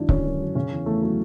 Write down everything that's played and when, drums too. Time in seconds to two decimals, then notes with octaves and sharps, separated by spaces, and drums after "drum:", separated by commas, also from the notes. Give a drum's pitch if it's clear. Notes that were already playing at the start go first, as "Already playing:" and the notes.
Already playing: G#1 F#2 F#3 D4 E4
0.09 D3 C#4, drum: kick C#1
0.25 F#2
0.40 F#3
0.55 C#3 C#4
0.71 E2
0.86 E2 A3
1.02 F#3